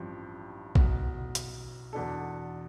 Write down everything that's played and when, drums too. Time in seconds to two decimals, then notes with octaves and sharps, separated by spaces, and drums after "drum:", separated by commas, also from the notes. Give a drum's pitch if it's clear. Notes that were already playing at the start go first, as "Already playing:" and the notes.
Already playing: A1 G2 F3 C4
0.75 B1 B2 B3, drum: kick A#1
1.35 drum: hi-hat
1.93 E2 B2 B3 D4 A4